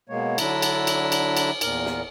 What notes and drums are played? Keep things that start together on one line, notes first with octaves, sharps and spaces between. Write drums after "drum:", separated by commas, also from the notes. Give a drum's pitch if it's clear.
B2 G#3 A#3 C#5
D3 F#3 D4 E4 E5 A#5, drum: cymbal
drum: cymbal
drum: cymbal
drum: cymbal
drum: cymbal
E2 A#2 A#4, drum: cymbal
drum: snare